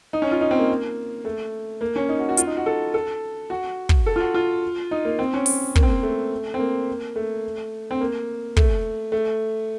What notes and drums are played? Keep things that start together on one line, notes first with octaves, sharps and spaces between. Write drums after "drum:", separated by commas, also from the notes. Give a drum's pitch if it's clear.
D#4
C#4
F4
D#4
C4
A#3
A3
A#3
C#4
D#4
F#4
F#4
F4, drum: hi-hat
D#4
F#4
A4
A4
F#4
drum: kick
A4
F4
F#4
F4
D#4
A#3
C4
C#4
drum: open hi-hat
A#3, drum: kick
C4
A#3
A3
C4
A#3
A3
C4
A#3
A3, drum: kick
A3